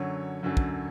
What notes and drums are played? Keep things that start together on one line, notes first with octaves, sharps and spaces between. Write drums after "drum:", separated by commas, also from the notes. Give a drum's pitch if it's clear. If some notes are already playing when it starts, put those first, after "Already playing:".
Already playing: F#2 D3 F#3 C#5
F#2 D3 F#3
drum: kick